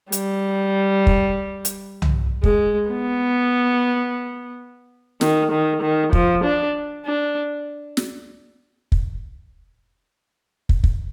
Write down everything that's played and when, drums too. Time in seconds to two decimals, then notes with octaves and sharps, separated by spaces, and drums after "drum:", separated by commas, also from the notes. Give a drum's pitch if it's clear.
0.12 G3, drum: hi-hat
1.07 drum: kick
1.65 drum: hi-hat
2.02 drum: tom C2
2.43 G#3, drum: kick
2.90 B3
5.21 D#3, drum: snare
5.52 D#3
5.82 D#3
6.13 F3, drum: kick
6.44 D4
7.05 D4
7.97 drum: snare
8.92 drum: kick
10.69 drum: kick
10.84 drum: kick